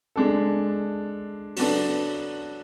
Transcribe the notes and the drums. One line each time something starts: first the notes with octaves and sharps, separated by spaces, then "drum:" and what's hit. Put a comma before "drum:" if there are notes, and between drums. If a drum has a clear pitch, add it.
G#3 D4 A4
F#3 B3 D4 A4, drum: open hi-hat